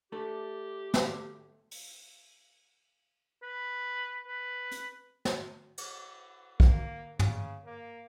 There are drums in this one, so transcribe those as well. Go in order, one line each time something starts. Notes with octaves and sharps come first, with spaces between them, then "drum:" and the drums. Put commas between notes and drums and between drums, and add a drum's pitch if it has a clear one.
A3 D4 G4 A4
drum: snare
drum: open hi-hat
B4
B4
drum: hi-hat
drum: snare
drum: cymbal
A#3, drum: kick
C#3, drum: tom
A#3